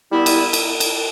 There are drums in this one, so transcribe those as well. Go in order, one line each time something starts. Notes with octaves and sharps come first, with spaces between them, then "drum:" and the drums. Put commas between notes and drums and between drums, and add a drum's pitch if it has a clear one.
A#2 G3 B3 E4
drum: cymbal
drum: cymbal
drum: cymbal